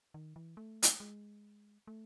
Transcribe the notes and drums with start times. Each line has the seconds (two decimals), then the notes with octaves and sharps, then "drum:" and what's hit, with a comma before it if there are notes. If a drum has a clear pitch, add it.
0.14 D#3
0.36 E3
0.57 A3
0.83 drum: hi-hat
1.00 G#3
1.87 A3